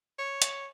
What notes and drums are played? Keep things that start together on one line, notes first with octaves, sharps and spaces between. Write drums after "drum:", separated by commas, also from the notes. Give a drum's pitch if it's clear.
C#5
drum: hi-hat